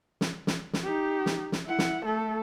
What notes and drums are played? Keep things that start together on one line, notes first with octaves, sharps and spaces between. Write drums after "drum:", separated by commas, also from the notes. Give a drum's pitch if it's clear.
drum: snare
drum: snare
drum: snare
D#4 G4
drum: snare
drum: snare
E4 F#5
drum: snare
A3 A4